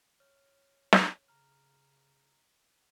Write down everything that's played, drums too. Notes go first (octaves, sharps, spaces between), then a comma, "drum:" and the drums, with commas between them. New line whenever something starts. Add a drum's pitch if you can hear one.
C#5 F6
drum: snare
C#3 A#5 F6